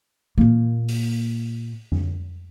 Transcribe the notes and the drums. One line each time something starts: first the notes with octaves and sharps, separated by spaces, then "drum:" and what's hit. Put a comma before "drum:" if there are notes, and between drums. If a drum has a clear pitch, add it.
A#2 A#3, drum: tom E3
drum: open hi-hat
drum: tom F2